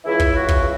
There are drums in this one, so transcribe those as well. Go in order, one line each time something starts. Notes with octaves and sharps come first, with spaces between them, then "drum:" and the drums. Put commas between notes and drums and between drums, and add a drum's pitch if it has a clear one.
C#2 C#3 E3 E4
drum: kick
F#4
drum: kick